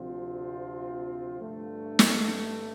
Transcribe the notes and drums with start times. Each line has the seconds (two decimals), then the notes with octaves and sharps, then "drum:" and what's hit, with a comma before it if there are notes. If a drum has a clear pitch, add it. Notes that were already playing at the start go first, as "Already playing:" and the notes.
Already playing: D2 C3 F3 C4 F4
1.41 G2 D3 A3
1.99 drum: snare